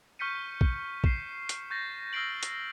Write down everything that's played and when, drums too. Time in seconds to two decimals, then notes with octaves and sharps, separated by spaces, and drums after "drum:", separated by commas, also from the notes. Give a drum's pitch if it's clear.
0.19 C#6 F6 G6 B6 C#7 D#7
0.61 drum: kick
1.04 C7 E7, drum: kick
1.49 drum: hi-hat
1.70 C#6 G6 A6 A#6
2.13 E6 F6 A#6 C7 D7 F#7
2.43 drum: hi-hat